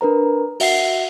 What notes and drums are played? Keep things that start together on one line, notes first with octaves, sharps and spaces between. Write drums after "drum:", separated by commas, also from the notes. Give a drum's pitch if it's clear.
D4 A#4 B4 A#5
F#4 E5 F#5 C7, drum: open hi-hat